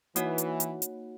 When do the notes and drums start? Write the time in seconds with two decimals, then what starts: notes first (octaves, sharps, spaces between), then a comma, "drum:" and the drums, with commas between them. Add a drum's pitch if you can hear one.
0.16 E3 A#3 D#4 F#4 C#5 F#5, drum: hi-hat
0.38 drum: hi-hat
0.60 drum: hi-hat
0.82 drum: hi-hat